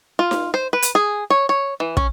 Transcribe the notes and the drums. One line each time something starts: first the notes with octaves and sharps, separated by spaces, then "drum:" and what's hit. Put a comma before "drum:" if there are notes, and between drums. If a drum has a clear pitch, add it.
F4
drum: snare D#4
C5
B4
drum: hi-hat
G#4
C#5
C#5
E3
C#4, drum: kick